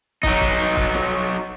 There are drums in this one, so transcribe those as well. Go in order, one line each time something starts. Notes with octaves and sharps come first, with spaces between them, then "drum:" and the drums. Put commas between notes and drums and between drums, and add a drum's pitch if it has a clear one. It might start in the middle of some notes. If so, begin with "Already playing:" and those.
F#3 D#4, drum: kick, hi-hat
drum: kick
drum: hi-hat
drum: kick
drum: snare
drum: hi-hat